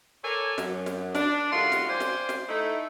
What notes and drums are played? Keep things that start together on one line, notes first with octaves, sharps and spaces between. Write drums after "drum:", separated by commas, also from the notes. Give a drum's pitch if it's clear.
A4 A#4 C#5 D5 G#5
F#2, drum: snare
drum: snare
D4, drum: snare
D#3 G3 A3 F4 F#4 C6
drum: snare
C5 D5 F5 G5 G#5 C6
drum: snare
drum: snare
A3 D#4 E4